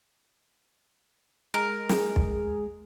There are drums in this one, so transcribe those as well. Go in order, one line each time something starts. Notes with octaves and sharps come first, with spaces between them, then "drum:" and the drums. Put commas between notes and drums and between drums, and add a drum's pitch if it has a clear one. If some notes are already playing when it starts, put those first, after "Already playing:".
G#3 A#4
G#4, drum: snare
drum: kick